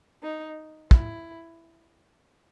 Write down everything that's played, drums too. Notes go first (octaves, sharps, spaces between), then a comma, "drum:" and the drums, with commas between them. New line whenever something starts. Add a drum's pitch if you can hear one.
D#4
E4, drum: kick